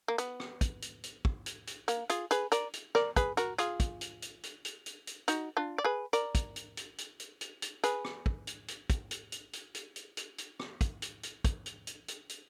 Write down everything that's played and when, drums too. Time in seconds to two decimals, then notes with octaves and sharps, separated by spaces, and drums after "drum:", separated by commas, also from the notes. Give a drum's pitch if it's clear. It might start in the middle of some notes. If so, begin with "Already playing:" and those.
0.08 A#3
0.18 B3, drum: hi-hat
0.40 drum: rim click
0.61 drum: kick, hi-hat
0.82 drum: hi-hat
1.04 drum: hi-hat
1.25 drum: kick
1.46 drum: hi-hat
1.67 drum: hi-hat
1.88 A#3, drum: hi-hat
2.10 F4 G#4, drum: hi-hat
2.31 G#4 B4, drum: hi-hat
2.52 A#4 D5, drum: hi-hat
2.74 drum: hi-hat
2.95 A#4 D5, drum: rim click
3.16 G#4 B4, drum: kick, hi-hat
3.37 F#4 A#4, drum: hi-hat
3.58 F4 G#4, drum: hi-hat
3.80 drum: kick, hi-hat
4.01 drum: hi-hat
4.22 drum: hi-hat
4.43 drum: hi-hat
4.65 drum: hi-hat
4.86 drum: hi-hat
5.07 drum: hi-hat
5.28 D#4 F#4, drum: hi-hat
5.57 D4 F4
5.78 D5
5.84 G#4 B4
6.13 A#4 D5, drum: hi-hat
6.35 drum: kick, hi-hat
6.56 drum: hi-hat
6.77 drum: hi-hat
6.98 drum: hi-hat
7.20 drum: hi-hat
7.41 drum: hi-hat
7.62 drum: hi-hat
7.84 G#4 B4, drum: hi-hat
8.05 drum: rim click
8.26 drum: kick
8.47 drum: hi-hat
8.68 drum: hi-hat
8.90 drum: kick, hi-hat
9.11 drum: hi-hat
9.32 drum: hi-hat
9.53 drum: hi-hat
9.75 drum: hi-hat
9.96 drum: hi-hat
10.17 drum: hi-hat
10.38 drum: hi-hat
10.60 drum: rim click
10.81 drum: kick, hi-hat
11.02 drum: hi-hat
11.23 drum: hi-hat
11.44 drum: kick, hi-hat
11.66 drum: hi-hat
11.87 drum: hi-hat
12.08 drum: hi-hat
12.29 drum: hi-hat